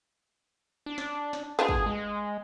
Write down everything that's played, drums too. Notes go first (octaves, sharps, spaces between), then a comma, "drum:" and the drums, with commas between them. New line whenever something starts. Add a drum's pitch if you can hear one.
D4
drum: snare
drum: snare
B3 D4 F4 G#4
drum: kick
G#3